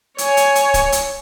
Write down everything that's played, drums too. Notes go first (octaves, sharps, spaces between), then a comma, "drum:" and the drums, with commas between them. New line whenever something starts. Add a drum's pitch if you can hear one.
C#5 G#5, drum: hi-hat
drum: hi-hat
drum: hi-hat
drum: kick, hi-hat
drum: hi-hat